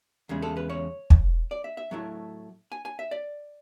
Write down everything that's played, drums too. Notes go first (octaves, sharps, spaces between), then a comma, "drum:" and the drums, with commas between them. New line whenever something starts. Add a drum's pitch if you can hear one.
E2 C#3 G#3
A4
B4
C#5
drum: kick
D5
E5
E5
A2 F#3 A3 E4
G#5
G#5
E5
D5